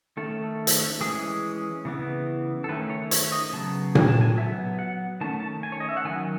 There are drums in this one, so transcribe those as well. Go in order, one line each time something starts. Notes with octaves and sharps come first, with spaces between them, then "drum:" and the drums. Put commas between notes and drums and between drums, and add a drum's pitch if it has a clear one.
D#3 A3 C#4 A4
drum: hi-hat
E3 G#3 C#4 G#4
C#3 E3 B3
A4
D#3 A3 C#4 B4
C#5
C#5, drum: hi-hat
D#5
C#3 F#3 B3 A5
G#5, drum: tom A#2
A5
G#5
F#3 B3 E5
F#5
D#3 A3 C#4 A5
A5
G#5
C#5
D#5
E5
F#5
D#3 F#3 C#4 G#5